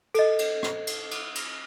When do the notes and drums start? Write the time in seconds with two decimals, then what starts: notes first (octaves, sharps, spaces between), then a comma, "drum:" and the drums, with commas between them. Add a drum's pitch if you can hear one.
0.14 A4 D#5, drum: cymbal
0.39 drum: cymbal
0.63 drum: rim click
0.87 drum: cymbal
1.11 drum: cymbal
1.35 drum: cymbal